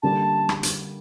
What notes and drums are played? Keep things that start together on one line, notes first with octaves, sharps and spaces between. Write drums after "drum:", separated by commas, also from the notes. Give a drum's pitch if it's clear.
D3 G3 A#3 D4 A5
drum: rim click
drum: hi-hat